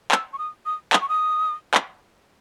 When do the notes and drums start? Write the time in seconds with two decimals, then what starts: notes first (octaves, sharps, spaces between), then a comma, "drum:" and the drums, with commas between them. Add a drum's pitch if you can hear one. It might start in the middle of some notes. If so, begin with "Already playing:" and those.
0.11 E6, drum: clap
0.33 C#6
0.39 D#6
0.66 D#6
0.93 D#6, drum: clap
1.01 C#6
1.09 D#6
1.74 drum: clap